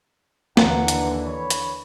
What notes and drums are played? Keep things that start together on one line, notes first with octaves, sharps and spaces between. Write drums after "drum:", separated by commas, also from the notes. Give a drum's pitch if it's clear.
D#2 D3 E3 F#5 A#5, drum: snare
drum: hi-hat
C#5 B5
drum: hi-hat